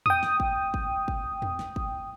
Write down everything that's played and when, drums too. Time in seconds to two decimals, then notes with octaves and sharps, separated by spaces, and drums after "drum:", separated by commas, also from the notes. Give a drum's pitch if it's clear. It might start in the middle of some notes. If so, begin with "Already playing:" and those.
0.06 G5 D#6, drum: tom E2
0.23 drum: snare
0.40 drum: kick
0.74 drum: kick
1.08 drum: kick
1.42 drum: tom E2
1.59 drum: snare
1.76 drum: kick